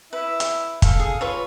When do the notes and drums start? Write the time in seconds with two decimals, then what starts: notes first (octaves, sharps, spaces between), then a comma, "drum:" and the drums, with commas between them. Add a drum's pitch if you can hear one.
0.13 E4 B4 E5
0.40 drum: hi-hat
0.82 A4 F5, drum: kick, hi-hat
0.99 G#4
1.21 F4 B4 C#5